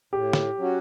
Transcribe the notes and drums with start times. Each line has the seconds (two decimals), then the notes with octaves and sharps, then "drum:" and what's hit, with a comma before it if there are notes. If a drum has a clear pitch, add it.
0.13 A2 G4
0.33 drum: snare
0.58 F#3 C#4 F#4